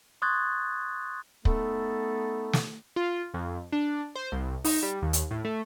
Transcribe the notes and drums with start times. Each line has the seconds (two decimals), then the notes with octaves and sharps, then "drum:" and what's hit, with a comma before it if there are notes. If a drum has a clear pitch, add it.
0.22 C6 C#6 D#6 F#6 G#6 A6
1.45 A3 B3 D#4 A4, drum: kick
2.53 drum: snare
2.96 F4
3.34 F2
3.72 D4
4.16 C5
4.32 C2
4.65 D#4, drum: open hi-hat
4.83 G3
5.02 D#2
5.13 drum: hi-hat
5.31 A2
5.45 A3